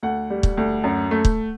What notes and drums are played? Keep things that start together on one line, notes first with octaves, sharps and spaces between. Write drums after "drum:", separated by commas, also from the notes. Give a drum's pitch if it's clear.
D2 F#5
G3
drum: kick
D2
F#2
A3
drum: kick